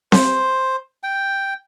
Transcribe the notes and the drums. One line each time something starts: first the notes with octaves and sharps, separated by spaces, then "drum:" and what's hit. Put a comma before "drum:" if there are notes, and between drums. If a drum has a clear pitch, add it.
C5, drum: snare C4
G5